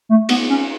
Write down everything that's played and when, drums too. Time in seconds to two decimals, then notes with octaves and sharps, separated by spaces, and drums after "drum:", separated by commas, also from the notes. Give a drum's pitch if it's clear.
0.09 A3
0.29 B3, drum: cymbal
0.49 C#4